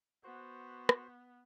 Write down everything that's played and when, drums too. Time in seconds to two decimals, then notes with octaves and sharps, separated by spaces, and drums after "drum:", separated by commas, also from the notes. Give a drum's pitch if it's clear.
0.24 B3 F#4 C5
0.89 drum: rim click